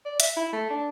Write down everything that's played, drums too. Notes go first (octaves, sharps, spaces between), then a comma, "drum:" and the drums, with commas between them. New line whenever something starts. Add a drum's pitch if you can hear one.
D5
E5, drum: hi-hat
E4
A3
D4